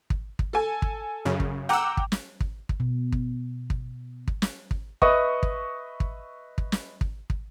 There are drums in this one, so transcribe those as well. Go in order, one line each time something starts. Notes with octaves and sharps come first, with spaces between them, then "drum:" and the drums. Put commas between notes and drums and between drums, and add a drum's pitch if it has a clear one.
drum: kick
drum: kick
A4 G#5
drum: kick
F#2 C#3
drum: kick
F#5 G5 A#5 D6 E6
drum: kick
drum: snare
drum: kick
drum: kick
B2
drum: kick
drum: kick
drum: kick
drum: snare
drum: kick
B4 D#5 E5 C#6 D#6, drum: kick
drum: kick
drum: kick
drum: kick
drum: snare
drum: kick
drum: kick